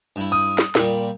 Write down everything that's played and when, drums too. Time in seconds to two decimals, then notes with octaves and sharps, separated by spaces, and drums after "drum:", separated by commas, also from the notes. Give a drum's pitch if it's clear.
0.16 G2 E4
0.32 D#6
0.58 drum: snare
0.75 A#2 G3, drum: snare